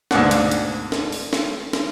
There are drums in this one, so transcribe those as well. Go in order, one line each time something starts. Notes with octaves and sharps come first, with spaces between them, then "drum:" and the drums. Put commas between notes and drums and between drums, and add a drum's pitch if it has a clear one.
D2 G#2 B2 A#3 D4 F#5, drum: snare
drum: hi-hat
drum: hi-hat
drum: snare
drum: open hi-hat
drum: snare
drum: snare